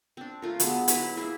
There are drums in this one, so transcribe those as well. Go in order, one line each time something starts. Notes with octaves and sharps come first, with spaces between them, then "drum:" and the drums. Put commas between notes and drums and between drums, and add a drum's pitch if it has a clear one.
C4 D4
A3 F4 A#4
F#3 G#3 B3, drum: hi-hat
F#3 E4 B4 A#5, drum: hi-hat
A#3 E4 G#4